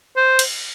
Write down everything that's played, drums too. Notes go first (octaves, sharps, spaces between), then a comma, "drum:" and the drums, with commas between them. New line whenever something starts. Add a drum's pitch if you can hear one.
C5
drum: cymbal